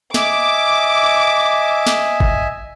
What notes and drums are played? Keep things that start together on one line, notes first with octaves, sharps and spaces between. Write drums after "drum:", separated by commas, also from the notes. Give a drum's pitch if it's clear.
D#5 E5 G#5 D6, drum: snare
drum: snare
drum: kick G#1